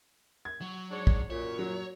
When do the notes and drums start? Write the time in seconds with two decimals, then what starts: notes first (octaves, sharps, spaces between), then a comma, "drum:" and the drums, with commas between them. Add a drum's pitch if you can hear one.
0.45 G#6
0.61 F#3
0.91 G#2 D4 C#5
1.07 drum: kick
1.30 F#2 A#2 C#5
1.59 F#3